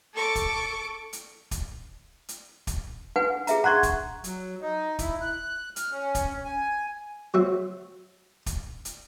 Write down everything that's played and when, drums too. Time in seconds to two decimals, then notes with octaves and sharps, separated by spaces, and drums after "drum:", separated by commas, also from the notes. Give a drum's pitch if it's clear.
0.13 A4 C#6 D6
0.35 drum: kick, hi-hat
1.13 drum: hi-hat
1.51 drum: kick, hi-hat
2.29 drum: hi-hat
2.67 drum: kick, hi-hat
3.16 B4 F#5 G#5
3.47 G#4 E5 A#5, drum: hi-hat
3.64 F#5 A#5 C6 C#6 F#6 G#6
3.83 drum: kick, hi-hat
4.24 F#3, drum: hi-hat
4.62 D#4
4.99 E4, drum: kick, hi-hat
5.21 F#6
5.76 F6, drum: hi-hat
5.92 C#4
6.15 drum: kick, hi-hat
6.45 G#5
7.34 F#3 C4 F#4 E5
8.46 drum: kick, hi-hat
8.85 drum: hi-hat